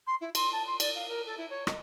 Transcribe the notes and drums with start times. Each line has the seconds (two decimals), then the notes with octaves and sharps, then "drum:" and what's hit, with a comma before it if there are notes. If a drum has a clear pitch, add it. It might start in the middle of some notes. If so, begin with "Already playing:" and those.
0.07 C6
0.21 E4
0.35 C6, drum: cymbal
0.52 A5
0.67 C6
0.80 D5, drum: cymbal
0.95 F5
1.08 A#4
1.26 A4
1.38 E4
1.50 C#5
1.67 D#5, drum: rim click